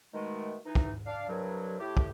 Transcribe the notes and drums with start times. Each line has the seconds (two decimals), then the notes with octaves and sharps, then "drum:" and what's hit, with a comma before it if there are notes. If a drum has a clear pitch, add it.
0.14 B2 D#3 G#3 A3
0.66 E3 D#4
0.75 drum: kick
1.06 D4 F5
1.28 C2 G2 F#3
1.80 A2 G4
1.97 drum: kick